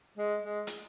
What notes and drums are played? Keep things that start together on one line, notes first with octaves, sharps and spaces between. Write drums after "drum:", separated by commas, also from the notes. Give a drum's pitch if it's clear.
G#3
G#3
drum: hi-hat